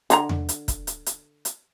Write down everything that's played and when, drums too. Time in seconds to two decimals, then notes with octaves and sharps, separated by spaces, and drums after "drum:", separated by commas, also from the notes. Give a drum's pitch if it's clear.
0.10 D3 D4 A#5, drum: hi-hat
0.29 drum: tom E2
0.49 drum: hi-hat
0.68 drum: kick, hi-hat
0.87 drum: hi-hat
1.06 drum: hi-hat
1.45 drum: hi-hat